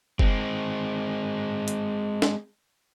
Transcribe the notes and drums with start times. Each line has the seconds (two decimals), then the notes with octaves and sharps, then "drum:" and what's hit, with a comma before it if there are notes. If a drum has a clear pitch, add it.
0.19 G#3 C4, drum: kick F#1
1.68 drum: hi-hat
2.22 drum: snare